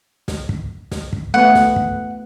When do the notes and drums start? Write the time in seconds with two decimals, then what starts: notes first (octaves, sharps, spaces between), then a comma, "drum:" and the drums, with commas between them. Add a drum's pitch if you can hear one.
0.28 drum: snare
0.49 drum: kick
0.91 drum: snare
1.13 drum: kick
1.34 A3 B3 F#5
1.55 drum: snare
1.76 drum: kick